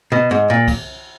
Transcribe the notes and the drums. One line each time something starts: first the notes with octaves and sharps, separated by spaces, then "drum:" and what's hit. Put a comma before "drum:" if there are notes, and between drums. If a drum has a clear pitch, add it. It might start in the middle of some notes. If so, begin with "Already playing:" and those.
B2
G#2
A#2
drum: kick C2, cymbal